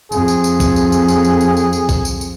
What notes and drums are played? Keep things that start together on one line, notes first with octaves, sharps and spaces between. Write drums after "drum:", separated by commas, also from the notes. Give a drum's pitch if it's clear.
F2 G#4, drum: tambourine
drum: tambourine
drum: tambourine
drum: kick B1, tambourine
drum: tambourine
drum: tambourine
drum: tambourine
drum: tambourine
drum: tambourine
drum: tambourine
drum: tambourine
drum: kick B1, tambourine
drum: tambourine
drum: tambourine